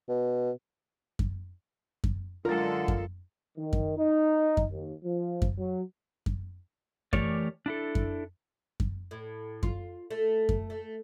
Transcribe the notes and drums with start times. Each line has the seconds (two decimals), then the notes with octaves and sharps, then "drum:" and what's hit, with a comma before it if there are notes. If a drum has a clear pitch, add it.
0.09 B2
1.19 drum: kick F#2
2.04 drum: kick F#2
2.45 F#2 D3 G#3 F4 A4 A#4 A6
2.88 drum: kick F#2
3.57 D#3
3.73 drum: kick F#2
3.97 D#4
4.57 drum: kick F#2
4.71 D#2
5.04 F3
5.42 drum: kick F#2
5.58 F#3
6.26 drum: kick F#2
7.13 E3 A3 G4 A#4 C#5 D5, drum: kick F#2
7.66 D4 E4 A4
7.95 drum: kick F#2
8.80 drum: kick F#2
9.11 A2
9.63 F4, drum: kick F#2
10.11 A3
10.49 drum: kick F#2
10.70 A3